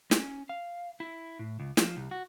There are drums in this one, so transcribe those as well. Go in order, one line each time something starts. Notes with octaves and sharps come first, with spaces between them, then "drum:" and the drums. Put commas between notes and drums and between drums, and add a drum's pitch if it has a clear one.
C#4, drum: snare
F5
E4
A2
C#2
F3, drum: snare
C2
F#4